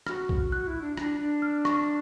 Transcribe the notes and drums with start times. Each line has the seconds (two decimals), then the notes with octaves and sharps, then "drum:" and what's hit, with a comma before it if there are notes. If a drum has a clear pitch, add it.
0.06 F#4 F6, drum: rim click
0.29 drum: kick B1
0.52 F#4 F#6
0.67 E4
0.82 D4
0.97 D4, drum: rim click
1.20 D4
1.42 F6
1.65 C#6, drum: rim click